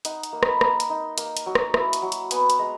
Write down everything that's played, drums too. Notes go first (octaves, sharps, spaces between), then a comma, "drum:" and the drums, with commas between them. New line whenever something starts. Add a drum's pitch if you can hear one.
D#4 F#5, drum: hi-hat
drum: hi-hat
A#3
B5, drum: rim click
A#3 A#5, drum: rim click
drum: hi-hat
D#4
A#3, drum: hi-hat
drum: hi-hat
F#3
drum: rim click
E4, drum: rim click
drum: hi-hat
F#3
drum: hi-hat
B3 G#5, drum: hi-hat
drum: hi-hat
G#3 A#5